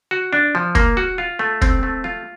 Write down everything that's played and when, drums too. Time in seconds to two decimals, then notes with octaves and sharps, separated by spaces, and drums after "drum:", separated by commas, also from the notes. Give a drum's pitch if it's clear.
0.11 F#4
0.33 D4
0.55 F3
0.75 A#3, drum: kick
0.97 F#4
1.18 F4
1.39 A3
1.62 C4, drum: kick
1.83 A3
2.04 F4